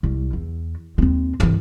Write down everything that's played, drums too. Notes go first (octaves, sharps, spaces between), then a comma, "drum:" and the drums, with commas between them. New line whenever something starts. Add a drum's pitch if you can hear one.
C2
E2
D#2 C4
C2 E3, drum: tom